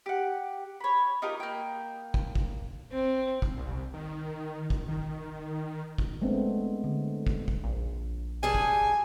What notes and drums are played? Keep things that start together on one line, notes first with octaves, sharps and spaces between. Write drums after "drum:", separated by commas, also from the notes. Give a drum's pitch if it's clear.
G4 F#5
C#5 B5
D#4 F4 G4 A#4
A#3 G5
drum: kick
drum: kick
C4
drum: kick
C2
D#3
drum: kick
D#3
drum: kick
G#3 A3 B3 C4 D4
D3
drum: kick
drum: kick
A#1
G3 G#4 G#5 A5
drum: kick